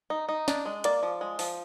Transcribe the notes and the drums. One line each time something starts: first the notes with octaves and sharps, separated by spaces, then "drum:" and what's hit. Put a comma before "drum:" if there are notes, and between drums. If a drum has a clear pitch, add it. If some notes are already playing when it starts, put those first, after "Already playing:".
D#4
D#4
D4, drum: snare
G#3
A#3 D5, drum: hi-hat
F3
G#3
F3, drum: open hi-hat